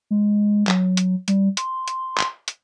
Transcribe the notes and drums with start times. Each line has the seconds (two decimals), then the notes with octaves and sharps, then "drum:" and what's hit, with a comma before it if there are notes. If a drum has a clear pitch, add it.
0.11 G#3
0.67 F#3, drum: clap
0.97 drum: hi-hat
1.28 G3, drum: hi-hat
1.57 C6, drum: hi-hat
1.88 drum: hi-hat
2.18 drum: clap
2.48 drum: hi-hat